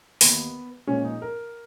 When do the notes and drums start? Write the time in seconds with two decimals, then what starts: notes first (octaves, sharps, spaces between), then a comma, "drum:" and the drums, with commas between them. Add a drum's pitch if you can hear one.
0.21 D#2 D#3 A#3 B3, drum: open hi-hat
0.87 A#2 F3 G#3 C#4
1.04 D#4
1.22 A#4